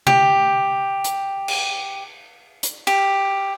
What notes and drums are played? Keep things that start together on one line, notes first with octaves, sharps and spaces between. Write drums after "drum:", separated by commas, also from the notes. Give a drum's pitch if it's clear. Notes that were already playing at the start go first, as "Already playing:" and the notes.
G4, drum: tom C3
drum: hi-hat
drum: cymbal
drum: hi-hat
G4, drum: cymbal